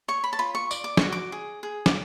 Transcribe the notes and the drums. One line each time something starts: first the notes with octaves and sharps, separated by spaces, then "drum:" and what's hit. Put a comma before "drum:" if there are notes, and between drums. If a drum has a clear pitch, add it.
C#5 C#6
B5
A5
F4 B5
C#6
D5, drum: tambourine
D6
F#4 C#6, drum: snare
D6
G#4
G#4
D6, drum: snare